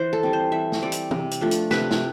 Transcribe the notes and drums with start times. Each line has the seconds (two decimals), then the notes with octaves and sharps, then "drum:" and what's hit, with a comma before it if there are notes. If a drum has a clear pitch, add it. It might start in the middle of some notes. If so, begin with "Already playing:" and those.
Already playing: E3 C5
0.13 A4
0.23 G3 C4
0.33 C5
0.52 E3 E5
0.72 drum: snare
0.82 G3 C4 D5
0.92 drum: hi-hat
1.11 C3, drum: tom
1.31 drum: hi-hat
1.41 F3 A3 D4
1.51 drum: hi-hat
1.71 C3 B4, drum: snare
1.91 drum: snare